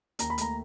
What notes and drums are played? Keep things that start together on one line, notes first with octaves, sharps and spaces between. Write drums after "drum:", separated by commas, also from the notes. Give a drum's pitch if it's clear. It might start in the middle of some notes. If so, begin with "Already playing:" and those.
D#2 A#5, drum: hi-hat
B5
A3 A#5, drum: hi-hat